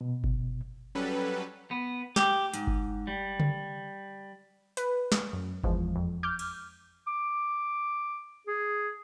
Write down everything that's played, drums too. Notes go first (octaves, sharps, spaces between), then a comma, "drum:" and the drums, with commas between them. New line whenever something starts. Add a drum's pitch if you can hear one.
B2
drum: kick G1
F#3 G3 C#4 A4 B4
B3
G4, drum: snare
G#2, drum: hi-hat
drum: kick G1
G3
drum: tom C#3
B4, drum: hi-hat
drum: snare
F#2
E2 F3 G#3, drum: kick G1
F2
D6 F6 G6
drum: cymbal
D6
G#4